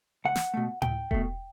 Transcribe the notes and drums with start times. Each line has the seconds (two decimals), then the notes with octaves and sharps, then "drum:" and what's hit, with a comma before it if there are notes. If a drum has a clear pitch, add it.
0.25 C#2 F#5
0.35 drum: snare
0.54 B2 A3
0.82 C#2 G5, drum: tom A2
1.11 B2 A3, drum: kick E1